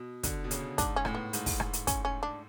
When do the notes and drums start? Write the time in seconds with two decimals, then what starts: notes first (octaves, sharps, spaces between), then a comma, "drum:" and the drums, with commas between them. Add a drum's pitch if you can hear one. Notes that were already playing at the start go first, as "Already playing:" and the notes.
Already playing: B2
0.23 D3, drum: kick, hi-hat
0.44 B2
0.51 C#3, drum: hi-hat
0.78 G#2 D4, drum: kick, hi-hat
0.96 C#4
1.05 A2, drum: rim click
1.15 B3
1.33 G#2, drum: hi-hat
1.46 drum: kick, open hi-hat
1.60 drum: rim click
1.73 drum: hi-hat
1.87 C#4, drum: kick, hi-hat
2.05 C#4
2.23 D4